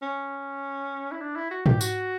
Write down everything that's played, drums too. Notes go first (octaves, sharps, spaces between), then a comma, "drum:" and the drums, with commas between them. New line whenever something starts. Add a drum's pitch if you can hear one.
C#4
E4
D4
E4
F#4
G4, drum: tom
F#4, drum: tambourine